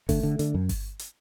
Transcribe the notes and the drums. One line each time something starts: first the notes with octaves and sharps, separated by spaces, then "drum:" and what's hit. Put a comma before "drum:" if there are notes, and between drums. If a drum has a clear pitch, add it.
D3 A3, drum: kick G1, open hi-hat
D3
D3, drum: hi-hat
F#2
drum: kick G1, open hi-hat
drum: hi-hat